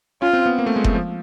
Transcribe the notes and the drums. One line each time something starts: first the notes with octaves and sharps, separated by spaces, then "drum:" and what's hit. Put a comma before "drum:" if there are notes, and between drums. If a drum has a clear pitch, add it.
C#4 F4
C4
B3
A#3
A3
G#3
A3, drum: kick F#1
F3